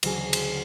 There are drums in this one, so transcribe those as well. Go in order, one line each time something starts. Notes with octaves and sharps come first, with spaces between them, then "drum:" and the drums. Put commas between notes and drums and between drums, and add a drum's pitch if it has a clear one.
D2 C#3 F#3 G#4, drum: cymbal
drum: cymbal